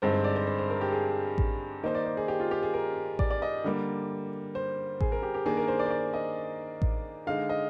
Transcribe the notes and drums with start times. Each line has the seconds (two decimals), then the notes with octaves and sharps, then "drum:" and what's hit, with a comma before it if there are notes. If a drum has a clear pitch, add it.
0.02 G2 D3 G#3 C4 D#4 C5
0.13 C5
0.24 D5
0.36 C5
0.47 C5
0.59 C5
0.70 A#4
0.81 G4
0.92 G#4
1.38 drum: kick A1
1.83 D#3 A#3 D#4 C5
1.95 D5
2.06 C5
2.17 G#4
2.28 G4
2.40 F4
2.51 G4
2.63 G#4
2.74 A#4
3.19 D5, drum: kick A1
3.31 D5
3.42 D#5
3.64 D3 G3 A#3
4.55 C5
5.01 G#4, drum: kick A1
5.12 A#4
5.23 G4
5.34 G4
5.46 D#3 A#3 D4 G#4
5.57 A#4
5.68 C5
5.79 D5
5.86 C5
5.91 D5
6.14 D#5
6.82 drum: kick A1
7.27 D3 G#3 D#4 F5
7.49 D#5